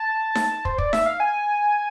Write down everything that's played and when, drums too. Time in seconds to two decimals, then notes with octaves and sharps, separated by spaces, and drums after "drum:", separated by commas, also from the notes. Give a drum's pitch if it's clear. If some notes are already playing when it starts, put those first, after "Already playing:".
Already playing: A5
0.35 drum: snare D#4
0.65 C5, drum: kick
0.78 D5, drum: kick
0.93 E5, drum: snare D#4
1.06 F5
1.20 G#5